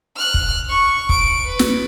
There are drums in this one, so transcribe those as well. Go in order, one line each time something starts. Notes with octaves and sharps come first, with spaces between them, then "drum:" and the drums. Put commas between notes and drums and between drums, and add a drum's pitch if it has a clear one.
F6 F#6
drum: kick
C#6
D7, drum: kick
B4
drum: snare